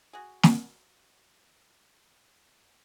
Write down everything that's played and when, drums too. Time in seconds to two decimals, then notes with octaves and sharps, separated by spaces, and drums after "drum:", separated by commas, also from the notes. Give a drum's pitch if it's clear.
0.13 F#4 G#4
0.43 drum: snare